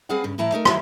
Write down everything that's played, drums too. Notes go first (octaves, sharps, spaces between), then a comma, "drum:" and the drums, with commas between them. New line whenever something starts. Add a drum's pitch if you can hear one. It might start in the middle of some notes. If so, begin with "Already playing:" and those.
G3 C4 G#4 B4 F5 F#5
G2 C#3
A2 E3 E4 A5 A#5
A3 D#4 A#4
D#3 F#3 E4, drum: rim click